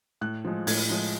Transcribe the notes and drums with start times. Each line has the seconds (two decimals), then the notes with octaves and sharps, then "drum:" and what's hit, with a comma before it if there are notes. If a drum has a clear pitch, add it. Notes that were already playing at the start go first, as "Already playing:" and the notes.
0.21 A2 F#6
0.45 F3 G#3
0.67 A2 G#6, drum: open hi-hat
0.90 F3 G#3